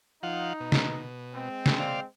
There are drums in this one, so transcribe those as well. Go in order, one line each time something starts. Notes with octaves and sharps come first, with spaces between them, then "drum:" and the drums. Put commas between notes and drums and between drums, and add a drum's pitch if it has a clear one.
F3 D#4 F4 F#5
B2
drum: snare
G#3 C4
drum: snare
C5 D5 F5